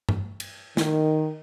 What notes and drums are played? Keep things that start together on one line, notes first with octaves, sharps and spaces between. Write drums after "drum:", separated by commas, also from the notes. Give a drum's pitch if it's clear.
drum: tom G2
drum: cymbal
D#3, drum: snare